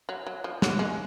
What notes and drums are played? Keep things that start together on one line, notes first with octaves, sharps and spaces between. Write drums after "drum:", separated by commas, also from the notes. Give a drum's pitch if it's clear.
F#3
F#3
F3
F#3, drum: snare
G#3